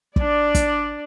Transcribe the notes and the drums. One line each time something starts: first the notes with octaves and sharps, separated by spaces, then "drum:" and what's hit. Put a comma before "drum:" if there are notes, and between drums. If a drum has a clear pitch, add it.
D4 D5, drum: kick
drum: kick, hi-hat